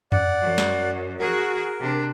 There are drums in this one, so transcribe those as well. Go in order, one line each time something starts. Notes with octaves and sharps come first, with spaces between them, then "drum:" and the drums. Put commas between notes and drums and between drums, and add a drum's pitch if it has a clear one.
D5 F#5, drum: tom F2
F#2
drum: snare
F#4 G#4 A#4
C3 D4